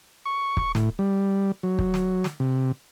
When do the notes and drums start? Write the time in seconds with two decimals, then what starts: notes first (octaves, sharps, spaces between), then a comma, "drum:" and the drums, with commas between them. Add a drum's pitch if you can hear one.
0.26 C#6
0.57 drum: kick
0.75 A2, drum: snare
0.99 G3
1.63 F#3
1.79 drum: kick
1.94 drum: snare
2.24 drum: snare
2.40 C3